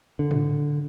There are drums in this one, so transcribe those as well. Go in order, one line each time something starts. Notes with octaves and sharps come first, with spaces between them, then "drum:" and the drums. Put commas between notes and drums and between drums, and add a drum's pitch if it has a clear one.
D3
drum: tom